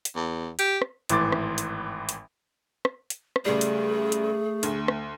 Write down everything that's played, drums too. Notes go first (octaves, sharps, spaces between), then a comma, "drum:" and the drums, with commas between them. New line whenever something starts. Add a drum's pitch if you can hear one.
drum: hi-hat
E2
G4, drum: hi-hat
drum: rim click
G#1 A2 E3 C6 D6 A6, drum: hi-hat
drum: rim click
drum: hi-hat
drum: hi-hat
drum: rim click
drum: hi-hat
drum: rim click
C#2 G3 A3 G#4
drum: hi-hat
drum: hi-hat
D2, drum: hi-hat
drum: rim click